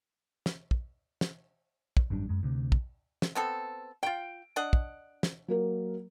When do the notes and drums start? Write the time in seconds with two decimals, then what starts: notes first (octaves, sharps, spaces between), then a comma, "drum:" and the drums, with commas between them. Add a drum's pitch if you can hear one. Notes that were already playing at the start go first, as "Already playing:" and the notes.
0.46 drum: snare
0.71 drum: kick
1.21 drum: snare
1.97 drum: kick
2.10 G#1 F#2 G3 D4
2.29 F#2 G#3
2.43 D2 C3
2.72 drum: kick
3.22 drum: snare
3.35 B3 C4 A4
4.03 F4 G5 D7
4.56 D4 D#5 F#5
4.73 drum: kick
5.23 drum: snare
5.48 F#3 A#3 A#4